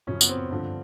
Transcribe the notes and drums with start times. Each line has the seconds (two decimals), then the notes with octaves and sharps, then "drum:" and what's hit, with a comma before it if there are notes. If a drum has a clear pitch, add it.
0.07 F#2 C#3 F3 C#4
0.21 B3, drum: tambourine
0.29 C4
0.51 G2 D3 F3